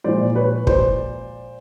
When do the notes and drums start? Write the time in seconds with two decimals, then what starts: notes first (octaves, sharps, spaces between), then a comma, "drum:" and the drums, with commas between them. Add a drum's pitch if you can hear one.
0.04 A#2 F3 G#3 C5 D5
0.36 B4 C#5
0.67 C5 D5, drum: kick